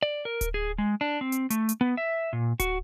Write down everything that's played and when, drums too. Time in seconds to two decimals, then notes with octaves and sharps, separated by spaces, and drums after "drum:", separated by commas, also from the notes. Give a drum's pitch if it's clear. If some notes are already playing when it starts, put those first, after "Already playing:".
0.03 D5
0.25 A#4
0.41 drum: kick D1, hi-hat
0.54 G#4
0.78 G#3
1.01 D4
1.21 C4
1.32 drum: hi-hat
1.50 A3, drum: hi-hat
1.69 drum: hi-hat
1.81 B3
1.97 E5
2.33 A#2
2.60 F#4, drum: kick D1, hi-hat